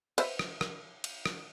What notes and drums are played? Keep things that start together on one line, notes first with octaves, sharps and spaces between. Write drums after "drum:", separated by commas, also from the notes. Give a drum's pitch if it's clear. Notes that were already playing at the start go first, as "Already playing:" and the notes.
B4 C5 E5, drum: cymbal
drum: rim click
drum: rim click
drum: cymbal
drum: rim click